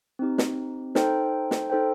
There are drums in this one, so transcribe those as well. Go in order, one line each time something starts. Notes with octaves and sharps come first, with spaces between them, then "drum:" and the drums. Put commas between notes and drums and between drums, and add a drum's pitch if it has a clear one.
C4 D#4 G4
drum: snare
D#4 A4 C5 G5, drum: snare
drum: snare
D#4 A4 C5 G5